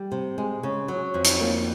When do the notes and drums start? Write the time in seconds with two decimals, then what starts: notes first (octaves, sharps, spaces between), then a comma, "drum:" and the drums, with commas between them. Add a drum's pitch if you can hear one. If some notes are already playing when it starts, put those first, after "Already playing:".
Already playing: G3
0.12 C3
0.38 G#3
0.63 C#3
0.88 F#3
1.14 F2
1.25 drum: hi-hat
1.41 A#3